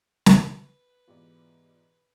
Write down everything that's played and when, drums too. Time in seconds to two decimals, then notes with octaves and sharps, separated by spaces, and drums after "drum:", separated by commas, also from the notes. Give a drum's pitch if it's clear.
0.26 drum: snare
0.39 B4
1.08 G#2 B2 E3 F4 G4 D5